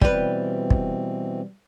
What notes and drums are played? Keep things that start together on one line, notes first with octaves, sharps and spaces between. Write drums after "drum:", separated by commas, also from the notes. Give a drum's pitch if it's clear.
B2 E3 G3 C4 B4, drum: kick
drum: kick